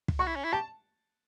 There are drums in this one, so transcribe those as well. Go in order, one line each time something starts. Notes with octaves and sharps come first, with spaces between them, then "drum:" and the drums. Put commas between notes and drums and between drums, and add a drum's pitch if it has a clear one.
drum: kick
F#4 C#6
E4
C#4
E4
G4 A5